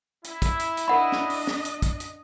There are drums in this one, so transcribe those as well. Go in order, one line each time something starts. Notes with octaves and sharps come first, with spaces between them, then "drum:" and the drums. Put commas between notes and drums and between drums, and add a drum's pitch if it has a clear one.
E4, drum: hi-hat
drum: kick, hi-hat
drum: hi-hat
drum: hi-hat
D4 A#4 D#5 F#5 B5
drum: snare
drum: open hi-hat
drum: snare
drum: hi-hat
drum: kick, hi-hat
drum: hi-hat